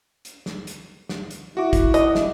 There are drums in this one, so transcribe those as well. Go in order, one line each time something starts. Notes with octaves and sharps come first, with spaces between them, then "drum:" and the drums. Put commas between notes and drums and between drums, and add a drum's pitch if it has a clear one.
drum: hi-hat
drum: snare
drum: hi-hat
drum: snare
drum: hi-hat
E4 F#4 D6
drum: kick, hi-hat
D#5, drum: hi-hat
drum: snare